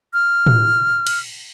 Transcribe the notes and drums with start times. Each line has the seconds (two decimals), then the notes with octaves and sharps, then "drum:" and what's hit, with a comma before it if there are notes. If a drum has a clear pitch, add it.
0.13 F6
0.46 drum: tom A2
1.07 drum: cymbal